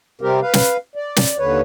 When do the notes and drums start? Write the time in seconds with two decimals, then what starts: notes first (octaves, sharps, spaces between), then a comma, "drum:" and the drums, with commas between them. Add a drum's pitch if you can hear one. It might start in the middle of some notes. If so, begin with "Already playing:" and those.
0.21 C3 G3 C4 G4 A#4
0.42 B4 F5
0.53 drum: snare
0.95 D5
1.16 drum: snare
1.38 D#2 D3 B4 C#5